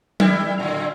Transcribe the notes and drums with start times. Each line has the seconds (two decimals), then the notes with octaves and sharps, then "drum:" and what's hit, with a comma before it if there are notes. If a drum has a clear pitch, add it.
0.20 D#3 G3 E4, drum: tom F#3
0.59 A2 D3